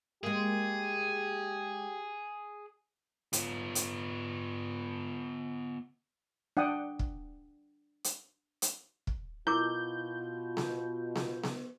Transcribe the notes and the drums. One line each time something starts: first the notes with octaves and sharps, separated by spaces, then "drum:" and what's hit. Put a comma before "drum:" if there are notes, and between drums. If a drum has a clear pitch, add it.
G#3 A#3 G4 G#4
B3 F4, drum: hi-hat
drum: hi-hat
D4 F#5 G5 D#6
drum: kick
drum: hi-hat
drum: hi-hat
drum: kick
B2 E4 F4 A#4 D6 G6
drum: snare B3
drum: snare B3
drum: snare B3